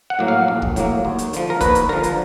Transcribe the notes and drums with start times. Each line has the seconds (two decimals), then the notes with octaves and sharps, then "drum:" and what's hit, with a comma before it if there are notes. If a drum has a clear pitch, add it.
0.10 F#5
0.19 A2 F#3 A#3
0.28 F5
0.48 A#1
0.62 drum: kick
0.76 A2 F#3 A#3, drum: hi-hat
1.05 D#2
1.18 drum: hi-hat
1.33 D3 F3, drum: hi-hat
1.50 A#4
1.61 D#2 B4, drum: kick, hi-hat
1.75 drum: hi-hat
1.89 D3 F3 A#4
2.03 drum: hi-hat